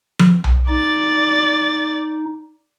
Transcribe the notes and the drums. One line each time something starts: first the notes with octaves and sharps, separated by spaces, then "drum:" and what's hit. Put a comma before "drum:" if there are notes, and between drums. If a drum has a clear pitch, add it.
drum: tom F3
drum: tom B1
D#4 D5 A6